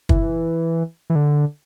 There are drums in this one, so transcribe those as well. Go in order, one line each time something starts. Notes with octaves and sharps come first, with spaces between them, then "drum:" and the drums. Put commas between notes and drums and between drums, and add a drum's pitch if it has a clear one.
E3, drum: kick
E3
D3